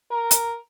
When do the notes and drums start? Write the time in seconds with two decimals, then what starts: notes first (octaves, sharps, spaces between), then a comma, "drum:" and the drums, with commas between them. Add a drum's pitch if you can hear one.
0.11 A#4
0.31 drum: hi-hat